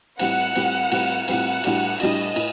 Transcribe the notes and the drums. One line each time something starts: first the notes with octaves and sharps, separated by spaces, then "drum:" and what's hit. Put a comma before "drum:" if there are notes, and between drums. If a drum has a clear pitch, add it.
A2 G3 C4 F#5, drum: cymbal
A2 G3 C4, drum: cymbal
A2 G3 C4, drum: cymbal
A2 G3 C4 F#5, drum: cymbal
A2 G3 D4 F#4, drum: cymbal
A2 G3 D4 F#4 D#5, drum: cymbal
A2, drum: cymbal